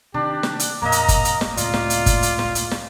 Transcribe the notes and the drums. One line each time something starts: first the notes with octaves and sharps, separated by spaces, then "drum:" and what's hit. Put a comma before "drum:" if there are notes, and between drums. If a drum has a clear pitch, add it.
C3 D#3 D4 G4
drum: snare
drum: hi-hat
F2 A#2 A#3 D#5 A#5
drum: hi-hat
drum: kick G1, hi-hat
drum: hi-hat
drum: snare
C#2 A2 C3 F4 D5, drum: hi-hat
drum: snare
drum: hi-hat
drum: kick G1, hi-hat
drum: hi-hat
drum: snare
drum: hi-hat
drum: snare